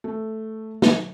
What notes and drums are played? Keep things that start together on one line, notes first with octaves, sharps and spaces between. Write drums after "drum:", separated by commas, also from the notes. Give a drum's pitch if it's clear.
A3
drum: snare